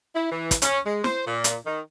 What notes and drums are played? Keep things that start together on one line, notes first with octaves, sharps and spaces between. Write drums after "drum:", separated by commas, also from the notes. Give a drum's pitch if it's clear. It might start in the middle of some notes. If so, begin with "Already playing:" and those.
E4
E3
drum: kick, hi-hat
C#4, drum: hi-hat
G#3
C5, drum: snare
A#2
drum: hi-hat
D#3